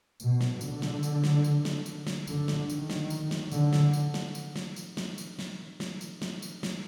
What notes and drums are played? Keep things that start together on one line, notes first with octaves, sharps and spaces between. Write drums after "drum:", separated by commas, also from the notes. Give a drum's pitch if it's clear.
B2, drum: tambourine
drum: snare
D3, drum: tambourine
drum: snare
drum: tambourine
drum: snare
drum: tambourine
drum: snare
drum: tambourine
drum: snare
D3, drum: tambourine
drum: snare
D#3, drum: tambourine
drum: snare
drum: tambourine
drum: snare
D3, drum: tambourine
drum: snare
drum: tambourine
drum: snare
drum: tambourine
drum: snare
drum: tambourine
drum: snare
drum: tambourine
drum: snare
drum: snare
drum: tambourine
drum: snare
drum: tambourine
drum: snare